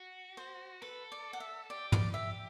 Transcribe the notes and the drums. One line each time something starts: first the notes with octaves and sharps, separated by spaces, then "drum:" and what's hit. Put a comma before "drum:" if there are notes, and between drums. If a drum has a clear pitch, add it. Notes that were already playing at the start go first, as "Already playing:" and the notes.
Already playing: F#4
C5
A4 B4
D5
F#5
E5
G4 D5
D5, drum: tom
G4 E5